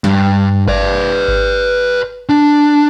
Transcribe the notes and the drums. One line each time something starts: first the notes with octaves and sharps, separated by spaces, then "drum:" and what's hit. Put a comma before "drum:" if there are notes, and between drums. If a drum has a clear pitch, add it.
G2, drum: snare
B4 D5, drum: kick G#1
drum: kick G#1
D4